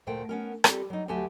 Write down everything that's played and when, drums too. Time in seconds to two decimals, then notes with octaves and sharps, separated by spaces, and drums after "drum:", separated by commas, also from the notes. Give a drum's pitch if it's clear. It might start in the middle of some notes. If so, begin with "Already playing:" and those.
0.07 D2 A#2 A3 C5 G5
0.29 B3 C#4 A#4
0.64 G3 C4 F4 G4 A4, drum: rim click
0.90 F#3 D#4
1.08 D2 F#3 A3 G4 G#5 A5